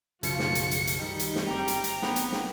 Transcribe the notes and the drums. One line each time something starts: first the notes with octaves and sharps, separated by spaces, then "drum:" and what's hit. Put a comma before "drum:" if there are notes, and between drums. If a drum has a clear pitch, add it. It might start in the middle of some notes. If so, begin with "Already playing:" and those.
B1 F#2 C#3 F3 F#4 C#7, drum: hi-hat
drum: snare
drum: hi-hat
drum: hi-hat
drum: hi-hat
D#3 G3 D#4 D#5
drum: hi-hat
drum: snare
G1 C4 G5 A#5 D6
drum: hi-hat
drum: hi-hat
B3, drum: snare
drum: hi-hat
drum: snare